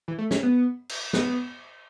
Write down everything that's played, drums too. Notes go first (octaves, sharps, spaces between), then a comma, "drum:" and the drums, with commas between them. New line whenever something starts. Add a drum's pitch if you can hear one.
E3
A3
C#4, drum: snare
B3
drum: cymbal
B3, drum: snare